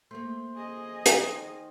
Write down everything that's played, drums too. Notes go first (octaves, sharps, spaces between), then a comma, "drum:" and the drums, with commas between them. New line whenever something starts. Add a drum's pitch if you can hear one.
A3 A#3 C5
G#4 D#5
D#3, drum: hi-hat